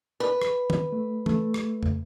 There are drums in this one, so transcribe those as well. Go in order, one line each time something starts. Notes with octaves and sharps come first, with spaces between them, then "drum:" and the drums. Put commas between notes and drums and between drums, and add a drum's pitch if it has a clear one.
B4
drum: rim click
drum: tom
A3
A3, drum: tom
drum: rim click
drum: tom